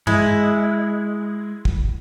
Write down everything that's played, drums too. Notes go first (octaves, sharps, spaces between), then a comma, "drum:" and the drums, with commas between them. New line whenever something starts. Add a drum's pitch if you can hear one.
G#3 E4, drum: tom G2
drum: kick